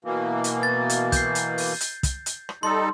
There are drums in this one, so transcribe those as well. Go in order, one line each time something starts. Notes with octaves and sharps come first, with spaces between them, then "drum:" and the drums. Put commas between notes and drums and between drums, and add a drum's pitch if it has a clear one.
B2 E3 A#3
drum: hi-hat
A6
drum: hi-hat
G6 C7, drum: kick, hi-hat
drum: hi-hat
drum: open hi-hat
drum: hi-hat
drum: kick, hi-hat
drum: hi-hat
drum: rim click
G3 D#4 A4 C6